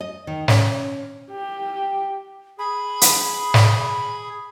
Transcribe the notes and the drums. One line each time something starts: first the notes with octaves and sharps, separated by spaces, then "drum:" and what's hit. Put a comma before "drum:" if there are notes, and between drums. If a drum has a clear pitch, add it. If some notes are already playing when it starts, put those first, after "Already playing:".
D#5
D#3
C#4, drum: snare
G4
G#4 B5
drum: hi-hat
drum: snare